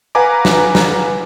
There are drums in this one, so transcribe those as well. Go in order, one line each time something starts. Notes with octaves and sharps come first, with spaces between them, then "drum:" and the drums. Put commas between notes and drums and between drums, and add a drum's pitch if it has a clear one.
B4 F5 F#5 G#5 A#5 D6
drum: snare
drum: snare